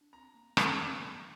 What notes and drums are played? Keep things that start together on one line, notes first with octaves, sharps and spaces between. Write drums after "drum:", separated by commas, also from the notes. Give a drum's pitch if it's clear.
D4
C4 A#5
A#3
G3, drum: rim click
F#3